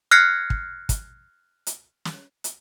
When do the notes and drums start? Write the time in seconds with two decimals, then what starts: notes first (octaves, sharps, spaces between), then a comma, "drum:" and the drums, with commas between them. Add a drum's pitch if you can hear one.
0.11 F6 F#6 G#6 A#6 C7 C#7
0.50 drum: kick
0.89 drum: kick, hi-hat
1.67 drum: hi-hat
2.05 drum: snare
2.44 drum: hi-hat